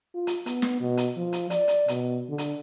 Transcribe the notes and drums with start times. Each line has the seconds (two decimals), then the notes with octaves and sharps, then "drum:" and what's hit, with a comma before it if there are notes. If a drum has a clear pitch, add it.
0.14 F4
0.27 drum: hi-hat
0.46 B3, drum: hi-hat
0.62 drum: snare
0.81 B2
0.97 drum: hi-hat
1.16 F3
1.33 drum: hi-hat
1.50 D5, drum: hi-hat
1.68 drum: hi-hat
1.88 B2, drum: hi-hat
2.29 D3
2.38 drum: hi-hat